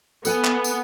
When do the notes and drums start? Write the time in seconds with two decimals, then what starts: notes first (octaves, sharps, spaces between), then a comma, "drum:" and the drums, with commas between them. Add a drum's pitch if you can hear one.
0.25 B3 A4 F#5 G#5, drum: tambourine
0.45 drum: clap
0.64 drum: tambourine